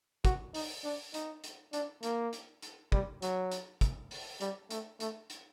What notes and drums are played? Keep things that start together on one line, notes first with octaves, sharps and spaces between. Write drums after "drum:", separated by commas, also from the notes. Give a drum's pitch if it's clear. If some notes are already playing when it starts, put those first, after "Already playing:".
F#4, drum: kick, hi-hat
D#4, drum: open hi-hat
D4
D#4, drum: hi-hat
drum: hi-hat
D4, drum: hi-hat
A#3, drum: hi-hat
drum: hi-hat
drum: hi-hat
G3, drum: kick
F#3, drum: hi-hat
drum: hi-hat
drum: kick, hi-hat
drum: open hi-hat
G3, drum: hi-hat
A3, drum: hi-hat
A3, drum: hi-hat
drum: hi-hat